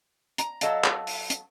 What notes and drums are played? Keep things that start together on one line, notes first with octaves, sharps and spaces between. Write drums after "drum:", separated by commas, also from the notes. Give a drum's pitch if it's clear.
A#5, drum: hi-hat
F#3 A4 D#5 F5 A5, drum: hi-hat
drum: clap
drum: open hi-hat
drum: hi-hat